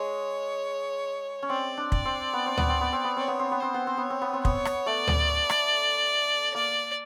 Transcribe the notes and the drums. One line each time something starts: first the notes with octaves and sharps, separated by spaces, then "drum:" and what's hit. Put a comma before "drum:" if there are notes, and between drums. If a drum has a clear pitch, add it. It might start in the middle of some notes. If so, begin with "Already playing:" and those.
Already playing: G#3 C#5
C#4
C4 D5
D4
D5, drum: kick
C4
B3
C4
B3, drum: tom D2
C4
B3
C4
B3
C4 C#5
B3
C4
B3
C4 C5
B3
C4
B3
C#5
C4
B3
C4
B3 C#5, drum: kick
drum: rim click
A3 D5
drum: tom D2
drum: rim click
A#3 D5